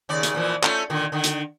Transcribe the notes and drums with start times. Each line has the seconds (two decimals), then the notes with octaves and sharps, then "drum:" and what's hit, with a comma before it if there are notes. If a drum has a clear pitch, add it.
0.09 D#2 C#3 D5
0.23 drum: hi-hat
0.35 A#2 E3 F3
0.63 A3 C#4 F4, drum: clap
0.90 A#2 D3 D#3
1.12 D3 D#3
1.24 drum: hi-hat